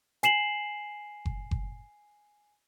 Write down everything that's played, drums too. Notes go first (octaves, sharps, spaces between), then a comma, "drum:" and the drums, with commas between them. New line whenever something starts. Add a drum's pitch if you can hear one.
G#5 C7 E7 F#7, drum: hi-hat
drum: kick F#1
drum: kick F#1